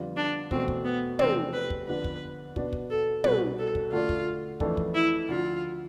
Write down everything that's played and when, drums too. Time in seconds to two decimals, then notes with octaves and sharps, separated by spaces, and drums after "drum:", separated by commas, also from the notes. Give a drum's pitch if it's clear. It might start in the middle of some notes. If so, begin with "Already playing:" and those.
Already playing: F2 D3 G3 B3 F4
0.17 D4
0.51 E2 B2 A3 C4, drum: kick
0.68 drum: kick
0.85 B3
1.19 E2 C3 F3 A3 C4 D4, drum: tom
1.53 B4
1.70 drum: kick
1.87 F2 D3 F3 B3 B4
2.04 drum: kick
2.56 B2 B3 D4, drum: kick
2.73 drum: kick
2.90 A4
3.24 C2 B2 G3 B4, drum: tom
3.58 A4
3.75 drum: kick
3.92 D3 A3 D4 F4 A4 D5
4.09 drum: kick
4.60 F2 E3 A3 D4 A4, drum: kick
4.77 drum: kick
4.94 E4
5.28 D2 D3 F3 F4